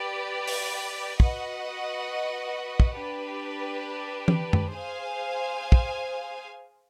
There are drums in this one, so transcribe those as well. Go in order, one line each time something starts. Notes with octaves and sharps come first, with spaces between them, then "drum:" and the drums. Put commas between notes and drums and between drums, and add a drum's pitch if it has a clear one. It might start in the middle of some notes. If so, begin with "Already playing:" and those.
Already playing: G4 B4 D5 G5
drum: open hi-hat
F#4 B4 D#5 F#5, drum: kick
drum: kick
D4 G4 B4
drum: tom
drum: tom F#2
G#4 C5 F5 G#5
drum: kick